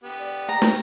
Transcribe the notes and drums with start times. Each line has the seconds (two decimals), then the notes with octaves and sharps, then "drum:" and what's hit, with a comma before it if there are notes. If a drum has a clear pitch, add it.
0.04 B3 G4
0.19 D5
0.49 A#5
0.62 G5, drum: snare